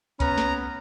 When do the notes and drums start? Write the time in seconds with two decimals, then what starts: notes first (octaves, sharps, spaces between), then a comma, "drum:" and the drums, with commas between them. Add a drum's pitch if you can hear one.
0.20 B3 C#4 A#5, drum: kick C2, hi-hat
0.38 drum: snare